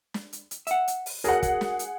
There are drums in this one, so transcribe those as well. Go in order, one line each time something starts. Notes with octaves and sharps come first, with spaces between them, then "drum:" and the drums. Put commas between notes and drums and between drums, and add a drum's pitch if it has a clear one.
drum: snare
drum: hi-hat
drum: hi-hat
E5 F#5, drum: hi-hat
drum: hi-hat
drum: open hi-hat
F#4 G#4 A#4 C#5 F#5, drum: hi-hat
drum: kick, hi-hat
drum: snare
drum: hi-hat